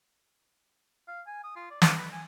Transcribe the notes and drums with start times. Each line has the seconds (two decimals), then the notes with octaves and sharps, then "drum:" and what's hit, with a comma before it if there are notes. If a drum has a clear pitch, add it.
1.08 F5
1.27 G#5
1.44 D#6
1.56 F4
1.70 D5
1.82 D6, drum: snare
1.98 B4
2.12 G#5